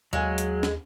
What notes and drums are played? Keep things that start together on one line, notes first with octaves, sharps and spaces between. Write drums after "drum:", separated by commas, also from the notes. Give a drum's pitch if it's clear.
D#2 F#3 G#3 F5 G#5
drum: hi-hat
drum: snare